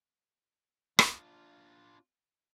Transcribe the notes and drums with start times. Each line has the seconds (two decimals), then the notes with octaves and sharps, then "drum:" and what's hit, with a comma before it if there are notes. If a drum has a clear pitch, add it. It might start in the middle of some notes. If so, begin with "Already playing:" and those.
0.99 D4 F4, drum: rim click